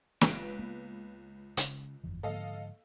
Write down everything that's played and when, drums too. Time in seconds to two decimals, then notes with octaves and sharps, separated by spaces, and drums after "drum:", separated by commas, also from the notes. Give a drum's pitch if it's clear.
0.21 C#2 B4 D7, drum: snare
0.59 A#3 B3
1.57 C#3, drum: hi-hat
2.04 G1 F2 E3
2.23 G#2 D3 F3 A4 D#5 F5